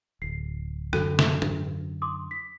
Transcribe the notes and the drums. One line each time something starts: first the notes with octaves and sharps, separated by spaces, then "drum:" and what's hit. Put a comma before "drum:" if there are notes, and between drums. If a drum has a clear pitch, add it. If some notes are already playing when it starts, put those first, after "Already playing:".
D1 C7
F#2 D3 F#3 F#4 A4, drum: rim click
drum: snare
drum: tom
C6 D6 D#6
B6